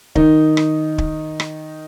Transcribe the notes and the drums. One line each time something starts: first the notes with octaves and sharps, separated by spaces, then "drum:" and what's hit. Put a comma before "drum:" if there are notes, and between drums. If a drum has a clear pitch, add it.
D#3 D#4, drum: kick
drum: rim click
drum: kick
drum: rim click